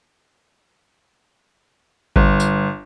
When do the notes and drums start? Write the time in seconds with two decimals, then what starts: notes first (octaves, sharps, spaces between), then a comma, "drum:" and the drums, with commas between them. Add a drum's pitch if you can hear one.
2.16 G1, drum: kick G#1
2.40 drum: tambourine